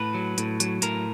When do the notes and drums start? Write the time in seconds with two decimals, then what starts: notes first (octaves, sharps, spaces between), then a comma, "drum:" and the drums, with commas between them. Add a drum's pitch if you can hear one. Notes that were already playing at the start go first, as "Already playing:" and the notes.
Already playing: A2 B4
0.14 F#3
0.38 A2, drum: hi-hat
0.60 F#3, drum: hi-hat
0.82 A2 A#4, drum: hi-hat